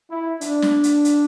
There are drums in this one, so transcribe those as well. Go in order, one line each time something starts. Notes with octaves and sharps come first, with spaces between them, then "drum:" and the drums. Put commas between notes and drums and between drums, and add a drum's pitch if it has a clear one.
E4
D4, drum: hi-hat
drum: snare
drum: hi-hat
drum: hi-hat